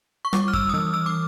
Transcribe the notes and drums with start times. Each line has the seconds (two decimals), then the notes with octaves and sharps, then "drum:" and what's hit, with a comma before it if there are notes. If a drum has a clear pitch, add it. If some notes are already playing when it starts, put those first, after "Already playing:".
0.25 C#6
0.33 G3 D6, drum: rim click
0.48 F6
0.53 E6, drum: kick F#2
0.69 D#6
0.74 E3 E6
0.94 E6
1.06 D6